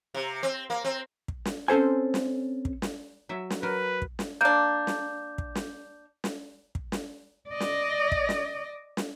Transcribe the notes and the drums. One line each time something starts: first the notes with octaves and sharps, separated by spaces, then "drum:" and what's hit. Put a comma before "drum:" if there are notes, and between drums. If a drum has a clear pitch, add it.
C3
C4
A#3
C4
drum: kick
drum: snare
C4 C#4 A4 C5 G#5
drum: snare
drum: kick
drum: snare
F#3 E5
drum: snare
F#3 A#4 B4
drum: kick
drum: snare
A#3 D4 G6
drum: snare
drum: kick
drum: snare
drum: snare
drum: kick
drum: snare
D5 D#5
drum: snare
drum: kick
drum: snare
drum: snare